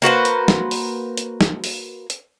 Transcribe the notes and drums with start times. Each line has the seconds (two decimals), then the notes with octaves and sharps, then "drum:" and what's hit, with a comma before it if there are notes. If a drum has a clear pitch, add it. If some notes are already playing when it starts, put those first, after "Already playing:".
0.02 A#3 F#4 B4 C5
0.25 drum: hi-hat
0.48 drum: snare
0.71 drum: open hi-hat
1.17 drum: hi-hat
1.41 drum: snare
1.64 drum: open hi-hat
2.10 drum: hi-hat